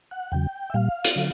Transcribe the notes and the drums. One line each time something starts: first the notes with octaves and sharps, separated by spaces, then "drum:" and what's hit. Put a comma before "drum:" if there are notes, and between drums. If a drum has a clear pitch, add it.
F#5
E2 C#3 F#3 G5
E5
A#2 G3 F5
drum: hi-hat
D3 F#3